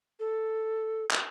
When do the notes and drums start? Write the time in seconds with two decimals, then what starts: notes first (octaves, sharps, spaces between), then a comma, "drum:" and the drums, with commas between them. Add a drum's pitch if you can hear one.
0.19 A4
1.11 drum: clap